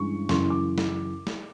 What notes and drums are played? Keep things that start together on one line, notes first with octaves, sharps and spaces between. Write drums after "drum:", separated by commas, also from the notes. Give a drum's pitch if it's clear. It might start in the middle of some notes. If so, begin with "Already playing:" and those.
Already playing: G2 E3 G#3 C#4 C#6
F#2 C#3 E3 C6, drum: snare
D6
drum: snare
drum: snare